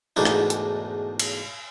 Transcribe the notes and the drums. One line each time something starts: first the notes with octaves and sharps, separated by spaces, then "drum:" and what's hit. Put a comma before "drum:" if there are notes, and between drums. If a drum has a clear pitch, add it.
E2 G#2 B2 A3 D4 D#4
drum: rim click
drum: hi-hat
drum: cymbal